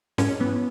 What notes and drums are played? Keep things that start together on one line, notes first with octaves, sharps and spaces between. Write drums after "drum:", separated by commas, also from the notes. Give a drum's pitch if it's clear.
G#2 C#4, drum: snare
E3 B3